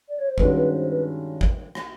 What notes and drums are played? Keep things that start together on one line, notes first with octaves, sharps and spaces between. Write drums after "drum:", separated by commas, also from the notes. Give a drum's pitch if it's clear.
D5
C#5
C5
G2 D#3 G#3 C#4 F#4 B4, drum: kick
B4
C5
B4
drum: kick
drum: rim click